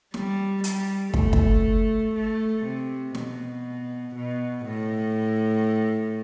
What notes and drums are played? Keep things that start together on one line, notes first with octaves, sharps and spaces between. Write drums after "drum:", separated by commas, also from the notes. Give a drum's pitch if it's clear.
G3, drum: snare
G3, drum: hi-hat
A3, drum: kick
drum: kick
A3
C3
B2, drum: snare
B2
A2